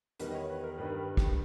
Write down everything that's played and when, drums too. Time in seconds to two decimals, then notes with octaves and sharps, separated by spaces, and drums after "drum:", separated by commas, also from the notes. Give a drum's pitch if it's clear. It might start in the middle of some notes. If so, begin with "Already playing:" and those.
0.19 E2 D#3 G3 B4, drum: hi-hat
0.30 D#5
0.35 C#5
0.50 B4
0.64 A#4
0.78 G2 D#3 G3 B4
0.90 A#4
1.03 B4
1.17 drum: kick